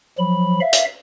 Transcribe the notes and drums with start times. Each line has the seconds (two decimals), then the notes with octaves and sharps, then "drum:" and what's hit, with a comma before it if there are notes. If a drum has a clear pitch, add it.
0.18 F3 F#3 B5
0.61 E5 F5
0.73 drum: hi-hat